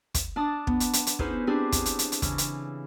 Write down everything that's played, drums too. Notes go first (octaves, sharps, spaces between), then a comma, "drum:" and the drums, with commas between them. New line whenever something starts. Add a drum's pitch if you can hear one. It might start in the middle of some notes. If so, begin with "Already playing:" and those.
drum: kick, hi-hat
D4 A5 D#6
B3 D4, drum: kick
drum: hi-hat
drum: hi-hat
drum: hi-hat
C#4 D#4 E4 G#4 B4 C5, drum: kick
C4 D4 E4 G4 G#4 C5
drum: kick, hi-hat
drum: hi-hat
drum: hi-hat
drum: hi-hat
C#3 E3, drum: kick, hi-hat
drum: hi-hat